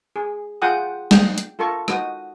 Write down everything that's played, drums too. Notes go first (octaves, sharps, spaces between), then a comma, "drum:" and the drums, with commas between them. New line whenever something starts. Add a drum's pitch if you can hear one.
G#4
F4 G#4 F#5 G5 D#6
G5, drum: snare
drum: hi-hat
F4 A4 A#4 A5 C#6
D#4 F#4 D#6, drum: rim click